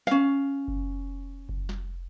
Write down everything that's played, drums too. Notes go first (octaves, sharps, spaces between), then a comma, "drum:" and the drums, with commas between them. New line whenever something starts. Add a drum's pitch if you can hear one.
C#4 F5, drum: snare
drum: kick F#1
drum: kick F#1
drum: snare